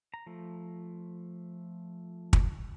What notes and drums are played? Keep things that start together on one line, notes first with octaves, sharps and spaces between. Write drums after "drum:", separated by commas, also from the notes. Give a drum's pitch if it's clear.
A#5
F3 A3
drum: kick